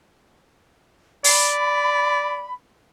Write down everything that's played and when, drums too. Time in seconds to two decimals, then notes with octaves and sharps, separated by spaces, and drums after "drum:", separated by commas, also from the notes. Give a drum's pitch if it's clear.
1.24 D5 B5, drum: open hi-hat